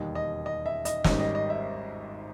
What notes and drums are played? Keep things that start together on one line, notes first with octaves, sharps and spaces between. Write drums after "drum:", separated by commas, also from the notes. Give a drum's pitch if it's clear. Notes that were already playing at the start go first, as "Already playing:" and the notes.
Already playing: E1 D#2 D#3 G3 D#5
D#5
D#5
E5
D#5, drum: hi-hat
G#1 G#2 D#3 G3 C#4 D#5, drum: snare
D#5
D#5
E5